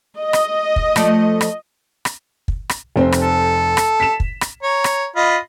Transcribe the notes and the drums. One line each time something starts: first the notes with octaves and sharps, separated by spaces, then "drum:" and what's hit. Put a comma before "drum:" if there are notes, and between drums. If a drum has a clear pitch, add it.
D#5
drum: rim click
drum: kick
F3 A3 D5, drum: rim click
drum: rim click
drum: rim click
drum: kick
drum: rim click
F1 C4 C5
drum: rim click
A4
drum: rim click
B6 E7
drum: kick
drum: rim click
C#5 A#5
drum: rim click
F4 D#5 B5